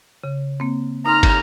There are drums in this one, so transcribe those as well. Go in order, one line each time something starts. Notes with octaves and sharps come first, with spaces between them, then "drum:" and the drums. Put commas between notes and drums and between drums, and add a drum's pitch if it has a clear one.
C#3
A#3 C4
D#4 A#5 C6 F6
drum: kick, cymbal